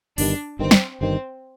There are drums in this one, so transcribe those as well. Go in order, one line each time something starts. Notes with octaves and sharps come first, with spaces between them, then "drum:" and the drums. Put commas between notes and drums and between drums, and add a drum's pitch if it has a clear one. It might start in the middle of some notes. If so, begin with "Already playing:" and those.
G1 G2 D#3 G3 D4, drum: open hi-hat
G1 G2 D#3 C4
drum: snare
G1 G2 D#3 C4